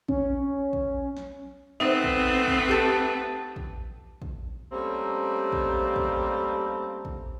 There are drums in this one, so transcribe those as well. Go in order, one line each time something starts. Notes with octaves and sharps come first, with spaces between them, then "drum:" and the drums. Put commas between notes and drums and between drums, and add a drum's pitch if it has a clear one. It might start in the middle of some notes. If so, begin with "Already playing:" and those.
C#4, drum: kick
drum: kick
drum: snare
A3 B3 C4 D#4 B4 C5 E5
drum: kick
drum: kick
G4 A4
drum: kick
drum: kick
G3 A3 A#3 C4 C#4 G4
drum: kick
drum: kick
drum: kick